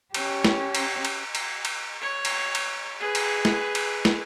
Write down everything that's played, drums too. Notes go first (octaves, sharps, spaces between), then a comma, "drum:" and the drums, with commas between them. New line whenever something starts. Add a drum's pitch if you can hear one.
C#4 G4, drum: cymbal
drum: snare
drum: cymbal
drum: cymbal
drum: cymbal
drum: cymbal
C#5
drum: cymbal
drum: cymbal
G#4 B4
drum: cymbal
drum: snare
drum: cymbal
drum: snare